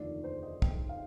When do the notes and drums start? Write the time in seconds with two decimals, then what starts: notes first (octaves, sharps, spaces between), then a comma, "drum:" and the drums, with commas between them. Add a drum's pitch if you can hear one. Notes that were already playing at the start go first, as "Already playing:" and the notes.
Already playing: F1 D#2 D3 F3 A3 D5
0.24 C5
0.43 D#5
0.62 G5, drum: kick
0.89 F5